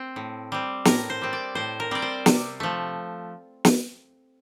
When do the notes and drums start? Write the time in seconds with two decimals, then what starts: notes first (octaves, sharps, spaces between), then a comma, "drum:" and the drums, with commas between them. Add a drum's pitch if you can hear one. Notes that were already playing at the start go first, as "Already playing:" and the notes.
Already playing: C4 C5
0.16 A2
0.52 G3 C4
0.85 A2 A#4, drum: snare
1.10 C5
1.22 G3 C4
1.33 D5
1.55 A2 C5
1.80 A#4
1.91 G3 C4 D5
2.02 C5
2.26 C3, drum: snare
2.60 F3 A3
3.65 drum: snare